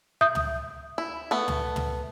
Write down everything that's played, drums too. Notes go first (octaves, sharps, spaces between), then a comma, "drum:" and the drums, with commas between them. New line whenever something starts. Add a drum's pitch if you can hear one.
E5 D#6 G6
drum: tom
E4
A3 B3
drum: tom
drum: tom